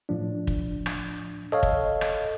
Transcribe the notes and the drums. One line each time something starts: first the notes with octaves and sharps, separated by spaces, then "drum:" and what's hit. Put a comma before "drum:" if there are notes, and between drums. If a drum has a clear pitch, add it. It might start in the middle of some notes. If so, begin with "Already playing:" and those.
A2 F3 D4
drum: kick
drum: rim click
A4 C#5 D#5 F5
drum: kick
drum: rim click